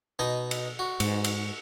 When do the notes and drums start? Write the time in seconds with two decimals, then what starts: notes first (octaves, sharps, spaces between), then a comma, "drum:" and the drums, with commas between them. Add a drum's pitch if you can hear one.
0.19 B2 D#4 D#5
0.51 drum: cymbal
0.79 F#4
1.00 G#2, drum: cymbal
1.24 drum: cymbal